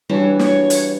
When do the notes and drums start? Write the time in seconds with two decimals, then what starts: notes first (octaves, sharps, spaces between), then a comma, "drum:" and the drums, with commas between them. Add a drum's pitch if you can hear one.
0.09 E3 G3 D4 F#4 C#5
0.39 C#5, drum: snare
0.70 drum: hi-hat